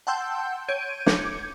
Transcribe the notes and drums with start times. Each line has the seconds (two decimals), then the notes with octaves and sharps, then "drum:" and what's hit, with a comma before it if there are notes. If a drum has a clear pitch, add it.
0.07 F#5 G5 A5 C6 E6 G6
0.68 C#5 G6 G#6 D7 D#7
1.06 D6 G6 G#6 C#7, drum: snare